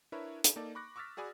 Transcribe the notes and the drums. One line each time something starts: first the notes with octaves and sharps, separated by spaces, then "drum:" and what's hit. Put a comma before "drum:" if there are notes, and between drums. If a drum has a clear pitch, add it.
D4 E4 A#4 B4 C#5 E5
drum: hi-hat
A#3 D#4 A4 D5
B5 C#6 D6 F#6 A#6
C#6 D6 E6 F6 A6 B6
F#4 G#4 D5 G#5 B5 D#6